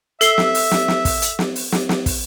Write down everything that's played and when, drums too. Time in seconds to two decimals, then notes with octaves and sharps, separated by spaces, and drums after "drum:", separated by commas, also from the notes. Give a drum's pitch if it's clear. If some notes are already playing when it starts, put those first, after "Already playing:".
0.21 A4 E5 C7 G7, drum: hi-hat
0.38 drum: snare
0.55 drum: open hi-hat
0.71 drum: snare
0.88 drum: snare
1.05 drum: kick, open hi-hat
1.22 drum: hi-hat
1.39 drum: snare
1.56 drum: open hi-hat
1.72 drum: snare
1.89 drum: snare
2.06 drum: kick, open hi-hat